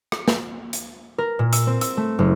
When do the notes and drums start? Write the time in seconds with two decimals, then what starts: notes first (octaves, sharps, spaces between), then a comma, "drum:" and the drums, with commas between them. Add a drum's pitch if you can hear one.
0.12 drum: rim click
0.28 drum: snare
0.73 drum: hi-hat
1.18 A#4
1.39 A#2
1.53 E6, drum: hi-hat
1.67 C4
1.81 E6, drum: hi-hat
1.97 A3
2.19 F#1